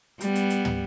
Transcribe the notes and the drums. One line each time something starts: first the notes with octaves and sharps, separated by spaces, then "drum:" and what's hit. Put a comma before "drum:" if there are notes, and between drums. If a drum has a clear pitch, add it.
G3 B3, drum: hi-hat
drum: hi-hat
drum: hi-hat
drum: tom